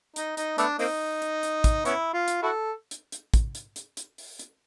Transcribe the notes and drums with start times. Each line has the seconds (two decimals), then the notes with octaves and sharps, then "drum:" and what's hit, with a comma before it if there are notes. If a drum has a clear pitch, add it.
0.16 D#4, drum: hi-hat
0.37 D#4, drum: hi-hat
0.58 A3 B3 D4, drum: hi-hat
0.79 A#3 C4 D#4, drum: open hi-hat
1.22 drum: hi-hat
1.43 drum: hi-hat
1.64 drum: kick, hi-hat
1.85 B3 C#4 E4, drum: hi-hat
2.13 F4
2.28 drum: hi-hat
2.42 E4 F#4 A4
2.91 drum: hi-hat
3.12 drum: hi-hat
3.34 drum: kick, hi-hat
3.55 drum: hi-hat
3.76 drum: hi-hat
3.97 drum: hi-hat
4.18 drum: open hi-hat
4.39 drum: hi-hat